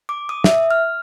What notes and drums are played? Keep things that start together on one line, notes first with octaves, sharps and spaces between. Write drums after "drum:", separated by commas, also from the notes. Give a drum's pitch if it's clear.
D6
D#6
E5, drum: snare
F6